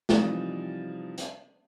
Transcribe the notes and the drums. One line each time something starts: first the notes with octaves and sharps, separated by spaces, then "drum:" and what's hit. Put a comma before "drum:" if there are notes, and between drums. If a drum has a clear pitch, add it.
C3 E3 F3 G3 D#4, drum: snare
drum: hi-hat